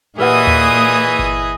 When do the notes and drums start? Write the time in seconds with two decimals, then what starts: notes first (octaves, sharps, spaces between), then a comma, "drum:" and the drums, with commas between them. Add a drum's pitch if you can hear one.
0.19 A#2 E3 G4 G#4 B4 D#5 F#5 D#6
0.47 drum: tom D#2
1.19 drum: kick G1